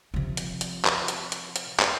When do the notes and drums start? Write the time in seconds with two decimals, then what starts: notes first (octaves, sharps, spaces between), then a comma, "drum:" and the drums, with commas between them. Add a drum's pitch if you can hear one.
0.14 C3 F3
0.37 drum: hi-hat
0.61 drum: hi-hat
0.85 drum: clap
1.08 drum: hi-hat
1.32 drum: hi-hat
1.56 drum: hi-hat
1.79 drum: clap